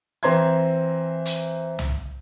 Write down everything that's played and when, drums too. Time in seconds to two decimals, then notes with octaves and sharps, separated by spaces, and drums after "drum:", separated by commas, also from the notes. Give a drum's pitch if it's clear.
0.23 E3 C4 C5 A#5 C6 G#6
1.26 drum: hi-hat
1.79 drum: tom C2